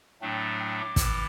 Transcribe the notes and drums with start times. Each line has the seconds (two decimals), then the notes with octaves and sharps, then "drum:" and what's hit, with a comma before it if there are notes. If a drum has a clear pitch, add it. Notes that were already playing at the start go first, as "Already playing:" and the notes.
0.21 A2 F#3 A3 D4 G5
0.59 G5
0.78 D6
0.96 A2 E3, drum: kick, hi-hat